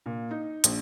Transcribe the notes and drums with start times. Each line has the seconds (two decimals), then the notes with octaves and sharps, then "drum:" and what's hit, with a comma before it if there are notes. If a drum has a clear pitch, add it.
0.06 A#2
0.31 D#4
0.64 A#1, drum: hi-hat